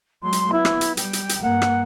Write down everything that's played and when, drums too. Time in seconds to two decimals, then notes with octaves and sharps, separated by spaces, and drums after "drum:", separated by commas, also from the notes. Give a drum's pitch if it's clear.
0.23 F#3 G#3 C6
0.33 drum: hi-hat
0.52 B3 E4
0.65 drum: rim click
0.81 drum: hi-hat
0.97 G3 G5, drum: hi-hat
1.13 drum: hi-hat
1.29 drum: hi-hat
1.42 G2 A#3 F#5
1.62 drum: rim click